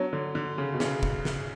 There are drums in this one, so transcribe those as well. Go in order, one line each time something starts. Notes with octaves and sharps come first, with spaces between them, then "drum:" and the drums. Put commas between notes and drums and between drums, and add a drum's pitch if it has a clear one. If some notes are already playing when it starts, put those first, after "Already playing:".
Already playing: F#3 B3 D4 F#4 C#5
D3
D3
C#3
B2
C#3, drum: snare
drum: kick
drum: snare